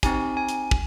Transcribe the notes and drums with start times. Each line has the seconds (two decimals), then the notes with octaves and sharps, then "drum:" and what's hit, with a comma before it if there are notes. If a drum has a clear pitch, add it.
0.03 C4 D#4 G4 G#5, drum: kick, hi-hat
0.37 G#5
0.49 drum: hi-hat
0.71 drum: kick